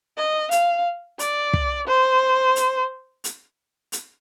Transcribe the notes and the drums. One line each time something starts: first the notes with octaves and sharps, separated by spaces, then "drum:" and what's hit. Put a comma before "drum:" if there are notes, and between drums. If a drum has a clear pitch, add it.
D#5
F5, drum: hi-hat
D5, drum: hi-hat
drum: kick
C5
drum: hi-hat
drum: hi-hat
drum: hi-hat